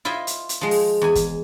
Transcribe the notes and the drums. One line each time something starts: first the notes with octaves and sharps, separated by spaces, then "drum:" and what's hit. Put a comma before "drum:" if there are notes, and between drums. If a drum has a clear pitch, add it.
E4 F4 C5 D#5 E5
drum: hi-hat
drum: hi-hat
F3 G#3
drum: open hi-hat
E2 G#5
drum: kick, hi-hat